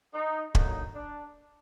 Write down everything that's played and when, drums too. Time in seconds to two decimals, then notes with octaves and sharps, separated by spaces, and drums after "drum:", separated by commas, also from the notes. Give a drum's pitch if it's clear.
0.14 D#4
0.55 D3 F#3 A#3 D#4, drum: kick
0.95 D4